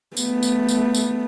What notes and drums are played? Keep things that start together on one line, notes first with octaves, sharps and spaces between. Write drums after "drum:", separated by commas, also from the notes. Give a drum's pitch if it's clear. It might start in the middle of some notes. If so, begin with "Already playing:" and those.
A3 B3, drum: tambourine
drum: tambourine
drum: tambourine
drum: tambourine